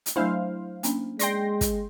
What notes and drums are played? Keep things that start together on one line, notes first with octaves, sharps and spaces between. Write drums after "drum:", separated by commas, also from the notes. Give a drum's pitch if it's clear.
drum: hi-hat
F#3 A3 D4 E4 C5 F5
A#3 C#4 D4, drum: hi-hat
G#3 D5 G5 C6 A#6, drum: hi-hat
drum: kick, hi-hat